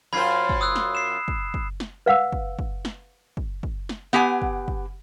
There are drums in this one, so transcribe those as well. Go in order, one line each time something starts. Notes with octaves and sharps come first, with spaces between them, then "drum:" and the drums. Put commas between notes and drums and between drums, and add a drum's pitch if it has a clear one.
F#2 F4 C5 B5 G#6 C7
drum: kick
D#6 E6 F#6
drum: snare
C7 E7
drum: kick
drum: kick
drum: snare
B4 F5 F#5 E6
drum: kick
drum: kick
drum: snare
drum: kick
drum: kick
drum: snare
B3 G4 F#5 G#5
drum: kick
drum: kick